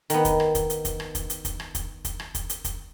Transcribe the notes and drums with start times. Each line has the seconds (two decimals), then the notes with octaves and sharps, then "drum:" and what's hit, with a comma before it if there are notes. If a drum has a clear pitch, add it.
0.10 D#3 B3, drum: hi-hat
0.25 drum: kick, hi-hat
0.40 drum: rim click
0.55 drum: kick, hi-hat
0.70 drum: hi-hat
0.85 drum: kick, hi-hat
1.00 drum: rim click
1.15 drum: kick, hi-hat
1.30 drum: hi-hat
1.45 drum: kick, hi-hat
1.60 drum: rim click
1.75 drum: kick, hi-hat
2.05 drum: kick, hi-hat
2.20 drum: rim click
2.35 drum: kick, hi-hat
2.50 drum: hi-hat
2.64 drum: kick, hi-hat